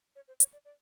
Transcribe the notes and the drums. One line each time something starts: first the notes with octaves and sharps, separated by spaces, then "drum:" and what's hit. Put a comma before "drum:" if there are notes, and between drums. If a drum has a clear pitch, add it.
C#5
C5
C#5, drum: hi-hat
D5
D5